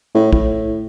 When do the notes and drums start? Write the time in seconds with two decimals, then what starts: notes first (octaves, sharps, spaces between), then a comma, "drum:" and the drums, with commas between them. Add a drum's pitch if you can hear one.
0.15 A2
0.33 A2, drum: kick